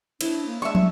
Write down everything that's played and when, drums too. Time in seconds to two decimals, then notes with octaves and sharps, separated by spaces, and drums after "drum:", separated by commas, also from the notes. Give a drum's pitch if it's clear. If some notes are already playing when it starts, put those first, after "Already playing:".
0.21 D4 E4 C5 C#5, drum: cymbal
0.46 A#3
0.62 G#3 D4 E5 C#6
0.75 drum: tom